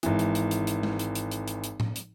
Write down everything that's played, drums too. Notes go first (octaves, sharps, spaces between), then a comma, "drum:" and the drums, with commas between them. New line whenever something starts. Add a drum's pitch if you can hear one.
G#1 E3, drum: hi-hat
drum: hi-hat
drum: hi-hat
drum: hi-hat
drum: hi-hat
drum: tom G#3
drum: hi-hat
drum: hi-hat
drum: hi-hat
drum: hi-hat
drum: hi-hat
drum: tom A2
drum: hi-hat